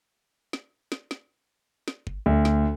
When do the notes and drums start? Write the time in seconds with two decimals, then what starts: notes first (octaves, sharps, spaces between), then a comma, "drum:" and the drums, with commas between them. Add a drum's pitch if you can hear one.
0.53 drum: snare
0.92 drum: snare
1.11 drum: snare
1.88 drum: snare
2.07 drum: kick
2.26 D2
2.45 drum: snare